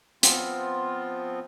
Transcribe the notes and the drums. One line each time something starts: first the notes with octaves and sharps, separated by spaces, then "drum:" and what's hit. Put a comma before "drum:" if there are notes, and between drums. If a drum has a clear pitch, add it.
F3 B3 C4 F4, drum: hi-hat